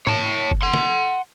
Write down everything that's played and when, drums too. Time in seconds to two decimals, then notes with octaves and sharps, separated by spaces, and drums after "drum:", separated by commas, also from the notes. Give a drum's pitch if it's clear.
0.07 C#5 A5, drum: tom
0.51 drum: kick F#1
0.62 F#5 C6
0.73 drum: snare